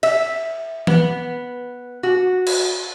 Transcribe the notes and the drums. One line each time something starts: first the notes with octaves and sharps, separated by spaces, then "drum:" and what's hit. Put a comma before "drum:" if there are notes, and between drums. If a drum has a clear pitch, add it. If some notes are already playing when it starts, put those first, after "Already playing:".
E5, drum: cymbal
B3, drum: tom E3
F#4
drum: cymbal